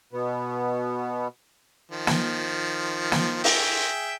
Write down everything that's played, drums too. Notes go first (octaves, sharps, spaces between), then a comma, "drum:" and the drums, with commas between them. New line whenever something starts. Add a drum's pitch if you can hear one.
B2 B3
D#3 F3
drum: snare
drum: snare
G#4 E5 G5, drum: open hi-hat